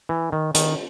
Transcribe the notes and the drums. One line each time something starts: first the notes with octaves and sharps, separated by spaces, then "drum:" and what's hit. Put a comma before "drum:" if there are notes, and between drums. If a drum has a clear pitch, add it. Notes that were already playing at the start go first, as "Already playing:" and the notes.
E3
D#3
D#3, drum: hi-hat